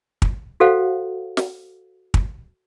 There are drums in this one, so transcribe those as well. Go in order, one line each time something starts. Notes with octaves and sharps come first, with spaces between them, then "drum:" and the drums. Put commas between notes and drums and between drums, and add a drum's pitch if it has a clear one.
drum: kick
F#4 A4 C5 F5 F#5
drum: snare
drum: kick